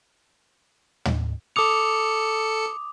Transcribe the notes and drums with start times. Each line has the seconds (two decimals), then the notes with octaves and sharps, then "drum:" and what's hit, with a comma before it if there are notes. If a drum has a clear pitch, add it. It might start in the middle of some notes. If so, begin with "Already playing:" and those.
1.05 drum: tom
1.56 A4 D6 D#6 C#7 F7